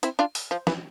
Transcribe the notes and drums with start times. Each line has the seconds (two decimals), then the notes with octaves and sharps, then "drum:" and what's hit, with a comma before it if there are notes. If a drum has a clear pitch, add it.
0.03 C4 E4, drum: hi-hat
0.19 D4 F4
0.35 drum: open hi-hat
0.51 F3
0.67 E3, drum: snare